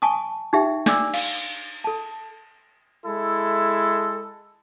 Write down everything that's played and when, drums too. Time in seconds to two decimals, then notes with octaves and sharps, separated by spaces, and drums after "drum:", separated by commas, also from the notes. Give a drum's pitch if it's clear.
0.02 G#5 A5 C#6 D#6
0.53 D#4 G4 E5 G5
0.86 D4 D5 D6 E6, drum: snare
1.14 F5, drum: cymbal
1.84 A4 A5
3.05 G#3 E4 A4